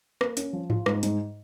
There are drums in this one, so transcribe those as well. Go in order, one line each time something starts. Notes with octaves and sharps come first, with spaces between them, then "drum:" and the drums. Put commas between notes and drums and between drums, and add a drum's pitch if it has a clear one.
A#3, drum: rim click
C#4, drum: hi-hat
F3
F4, drum: tom G#2
G#2, drum: rim click
G#2, drum: hi-hat